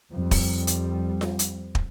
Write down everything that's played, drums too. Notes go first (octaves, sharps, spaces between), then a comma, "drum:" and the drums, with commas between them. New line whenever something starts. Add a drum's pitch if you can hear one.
F2 G3
drum: kick, open hi-hat
drum: hi-hat
drum: snare F4
drum: hi-hat
drum: kick